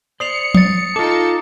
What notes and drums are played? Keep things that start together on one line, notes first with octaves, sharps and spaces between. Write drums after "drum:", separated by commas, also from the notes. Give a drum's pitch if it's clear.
C5 D5 D#6 C7 C#7 F7
D#6 A6, drum: tom F3
D#4 F4 A4 A5 D6